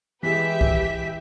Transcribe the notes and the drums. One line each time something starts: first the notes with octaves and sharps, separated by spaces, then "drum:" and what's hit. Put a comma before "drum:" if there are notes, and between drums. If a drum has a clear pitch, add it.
E3 G#3 G4 B4 E5 B6
drum: kick C2